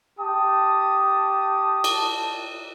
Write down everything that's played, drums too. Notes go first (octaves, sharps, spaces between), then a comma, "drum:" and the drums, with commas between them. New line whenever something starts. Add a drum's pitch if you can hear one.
G4 G5 A5 D#6
drum: cymbal